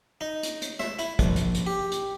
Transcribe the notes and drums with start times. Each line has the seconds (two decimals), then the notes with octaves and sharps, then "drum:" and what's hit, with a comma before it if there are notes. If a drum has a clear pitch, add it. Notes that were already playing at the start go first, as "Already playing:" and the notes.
0.21 D#4
0.43 drum: hi-hat
0.62 drum: hi-hat
0.79 E5, drum: rim click
0.99 E4, drum: hi-hat
1.19 A#1, drum: kick, hi-hat
1.36 drum: hi-hat
1.54 drum: hi-hat
1.67 G4
1.92 drum: hi-hat